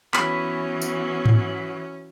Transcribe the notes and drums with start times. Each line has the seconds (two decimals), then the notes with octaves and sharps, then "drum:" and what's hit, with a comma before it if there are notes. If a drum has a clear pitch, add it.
0.14 E3 F#3 B3 C#4 B5, drum: clap
0.82 drum: tambourine
1.26 drum: tom G#2